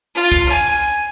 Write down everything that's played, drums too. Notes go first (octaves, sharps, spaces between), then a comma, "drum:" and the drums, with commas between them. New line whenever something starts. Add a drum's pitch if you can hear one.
F4
drum: kick B1
G#5